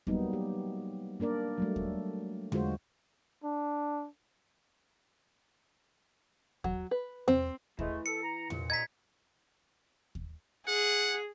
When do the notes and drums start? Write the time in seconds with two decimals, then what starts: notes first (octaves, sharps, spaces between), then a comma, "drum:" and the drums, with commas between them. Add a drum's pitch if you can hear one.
0.07 F#3 G3 A#3 B3 D#4, drum: kick D#2
0.33 G4
1.20 A#3 D4 A#4 D5
1.58 F#3 G3 A3
1.76 drum: kick D#2
2.52 D3 G#3 F4 F#4 C5, drum: tom E2
3.44 D4
6.64 F#3, drum: kick D#2
6.91 B4
7.28 C4, drum: tom E2
7.79 E3 G#3 A3, drum: kick D#2
8.06 A4 C#7
8.23 A#5
8.50 C2 G2 A#2, drum: tom E2
8.70 D#5 A#5 G#6 B6
10.15 drum: kick D#2
10.67 G#4 F#5